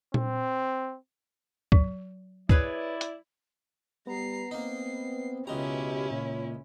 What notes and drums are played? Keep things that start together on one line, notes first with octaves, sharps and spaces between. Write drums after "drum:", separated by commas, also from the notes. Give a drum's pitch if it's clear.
C4, drum: tom A#2
F#3, drum: kick
E4 G#4 B4 C#5 D5, drum: kick
drum: hi-hat
G3 B3 A#5 C7
A#3 C4 D#4 C7
C#2 B2 G#3 C#4 E4 G4 A#5
A#2 C#5